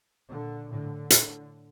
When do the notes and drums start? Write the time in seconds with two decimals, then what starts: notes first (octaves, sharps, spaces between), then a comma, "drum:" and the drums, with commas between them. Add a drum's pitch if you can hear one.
0.31 A#2 D3
0.70 A2 D3
1.10 A2, drum: hi-hat